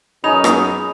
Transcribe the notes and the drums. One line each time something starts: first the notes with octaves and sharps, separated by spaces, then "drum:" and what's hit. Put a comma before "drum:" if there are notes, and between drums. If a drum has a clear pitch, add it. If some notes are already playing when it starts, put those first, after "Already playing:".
F#2 B2 C#4 D#4 G#4 B5 F7
drum: rim click